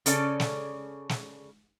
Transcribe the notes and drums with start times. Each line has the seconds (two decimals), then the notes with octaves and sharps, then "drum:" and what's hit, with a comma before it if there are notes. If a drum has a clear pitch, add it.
0.06 C#3 C#4 A4 D5, drum: hi-hat
0.40 drum: snare
1.09 drum: snare